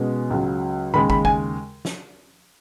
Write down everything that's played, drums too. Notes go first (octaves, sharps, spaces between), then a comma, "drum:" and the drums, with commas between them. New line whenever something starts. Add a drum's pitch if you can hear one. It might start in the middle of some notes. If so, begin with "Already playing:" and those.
Already playing: B2 G#3 C#4
C#2 C#3 F#3
D#2 C#3 G#3 B5
B5, drum: kick
G#5, drum: kick
drum: snare